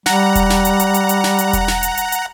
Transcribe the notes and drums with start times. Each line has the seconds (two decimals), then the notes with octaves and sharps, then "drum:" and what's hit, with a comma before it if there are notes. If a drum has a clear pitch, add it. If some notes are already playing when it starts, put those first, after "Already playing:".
0.06 G3 F#5 A#5, drum: snare
0.35 drum: kick E1, hi-hat
0.50 drum: snare
0.65 drum: hi-hat
0.80 drum: hi-hat
0.94 drum: hi-hat
1.09 drum: hi-hat
1.24 drum: snare
1.39 drum: hi-hat
1.53 drum: kick E1, hi-hat
1.68 drum: snare
1.83 drum: hi-hat
1.97 drum: hi-hat
2.12 drum: hi-hat